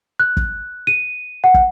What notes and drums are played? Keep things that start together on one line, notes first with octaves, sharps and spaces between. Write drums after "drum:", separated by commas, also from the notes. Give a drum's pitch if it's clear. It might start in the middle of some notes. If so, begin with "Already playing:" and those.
F#6
drum: kick
D#7
F#5
drum: kick